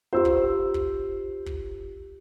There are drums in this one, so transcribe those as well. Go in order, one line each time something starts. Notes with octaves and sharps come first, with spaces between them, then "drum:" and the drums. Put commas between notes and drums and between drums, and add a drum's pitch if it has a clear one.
F4 G4 C5 E6
drum: kick
drum: kick
drum: kick